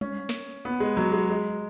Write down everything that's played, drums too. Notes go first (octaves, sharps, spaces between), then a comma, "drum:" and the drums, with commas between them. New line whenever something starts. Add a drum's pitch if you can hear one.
C#4, drum: tom G3
drum: snare
B3
G#3
F#3
G#3
G#3